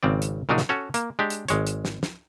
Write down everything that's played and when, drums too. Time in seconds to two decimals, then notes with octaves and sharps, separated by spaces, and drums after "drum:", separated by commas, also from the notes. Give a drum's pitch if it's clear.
0.03 G#1 C#3 C4 D5
0.22 drum: hi-hat
0.49 A#2 C#3 F#3 D4 D#4
0.58 drum: snare
0.69 C#4 F#4 A4 C#5
0.94 A#3, drum: hi-hat
1.19 G#3 D4 G4
1.30 drum: hi-hat
1.48 G#1 G#3 C#5, drum: hi-hat
1.67 drum: hi-hat
1.85 drum: snare
2.03 drum: snare